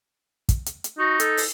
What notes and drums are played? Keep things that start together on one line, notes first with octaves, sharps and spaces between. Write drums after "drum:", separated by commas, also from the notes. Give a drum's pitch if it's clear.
drum: kick, hi-hat
drum: hi-hat
drum: hi-hat
D#4 F#4
A4, drum: hi-hat
drum: open hi-hat